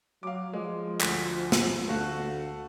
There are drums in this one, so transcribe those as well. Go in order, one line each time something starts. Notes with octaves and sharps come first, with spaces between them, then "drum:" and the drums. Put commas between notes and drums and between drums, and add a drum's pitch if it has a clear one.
F#3 F5 D6
F3 G#3
D2 B6, drum: clap
drum: snare
D2 A3 F#4 F5